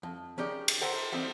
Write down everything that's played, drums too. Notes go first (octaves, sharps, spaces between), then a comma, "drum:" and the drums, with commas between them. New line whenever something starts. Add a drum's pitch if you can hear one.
F2
D#3 C#4 G4 G#4 D5
drum: cymbal
A4 A#4 C5 F#5 G5
E3 G3 A#3 C4 D#4